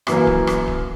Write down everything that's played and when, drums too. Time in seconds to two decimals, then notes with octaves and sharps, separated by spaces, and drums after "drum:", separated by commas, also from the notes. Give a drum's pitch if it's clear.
0.07 F#2 E3 A#3, drum: rim click
0.27 drum: kick D1
0.47 drum: rim click
0.68 drum: kick D1